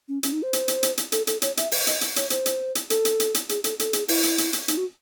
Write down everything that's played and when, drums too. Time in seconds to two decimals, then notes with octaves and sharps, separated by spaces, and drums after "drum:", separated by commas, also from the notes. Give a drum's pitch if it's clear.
0.08 C#4
0.23 C#4, drum: hi-hat
0.33 D#4
0.43 C5
0.53 drum: hi-hat
0.68 drum: hi-hat
0.83 drum: hi-hat
0.97 drum: hi-hat
1.12 A4, drum: hi-hat
1.27 A4, drum: hi-hat
1.42 C#5, drum: hi-hat
1.57 E5, drum: hi-hat
1.72 drum: open hi-hat
1.87 D#5, drum: hi-hat
2.01 drum: hi-hat
2.16 C#5, drum: hi-hat
2.30 C5, drum: hi-hat
2.46 drum: hi-hat
2.75 drum: hi-hat
2.90 A4, drum: hi-hat
3.05 drum: hi-hat
3.20 drum: hi-hat
3.34 drum: hi-hat
3.49 G#4, drum: hi-hat
3.64 A4, drum: hi-hat
3.79 A4, drum: hi-hat
3.93 G#4, drum: hi-hat
4.08 E4, drum: open hi-hat
4.23 drum: hi-hat
4.38 drum: hi-hat
4.53 drum: hi-hat
4.68 D#4, drum: hi-hat
4.77 F#4